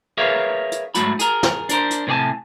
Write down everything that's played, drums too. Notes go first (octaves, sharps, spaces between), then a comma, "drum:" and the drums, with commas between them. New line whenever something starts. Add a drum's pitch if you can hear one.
G#4 A#4 B4 C#5 E5 F5
drum: hi-hat
G#2 F#3 A3 F#4 B5, drum: hi-hat
G#4 A#4, drum: hi-hat
drum: snare
D4 A#4 C5, drum: hi-hat
drum: hi-hat
A2 C3 C5 D5 G#5 A5